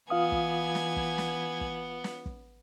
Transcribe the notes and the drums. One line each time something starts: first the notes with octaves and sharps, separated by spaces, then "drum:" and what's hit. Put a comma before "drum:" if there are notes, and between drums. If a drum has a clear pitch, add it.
E3 B3 F4 F5 G#5 D#6 G#6
drum: kick
drum: snare
drum: kick
drum: snare
drum: kick
drum: snare
drum: kick